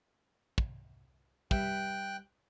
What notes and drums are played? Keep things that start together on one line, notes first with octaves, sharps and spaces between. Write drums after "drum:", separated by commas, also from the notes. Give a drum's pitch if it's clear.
drum: kick
G3 B4 E5 G5 F#6, drum: kick